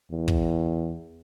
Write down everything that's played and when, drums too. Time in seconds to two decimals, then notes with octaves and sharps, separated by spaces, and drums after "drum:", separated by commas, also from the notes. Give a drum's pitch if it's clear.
0.11 E2
0.28 drum: kick